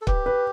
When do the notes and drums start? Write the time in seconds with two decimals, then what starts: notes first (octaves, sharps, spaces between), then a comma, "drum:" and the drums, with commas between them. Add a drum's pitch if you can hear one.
0.02 A4
0.07 G4 B4, drum: kick
0.26 B4